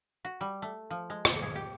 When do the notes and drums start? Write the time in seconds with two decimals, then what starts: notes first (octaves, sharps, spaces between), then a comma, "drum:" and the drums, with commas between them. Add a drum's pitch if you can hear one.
0.25 F#4
0.41 G3
0.62 A3
0.90 F3
1.10 G#3
1.25 drum: rim click
1.42 G#4
1.56 G4